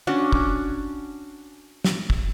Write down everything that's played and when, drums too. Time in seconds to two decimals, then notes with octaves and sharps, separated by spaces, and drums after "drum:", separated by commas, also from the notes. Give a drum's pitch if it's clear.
0.07 C#4 D4 F#4
0.33 drum: kick
1.84 drum: snare
2.10 drum: kick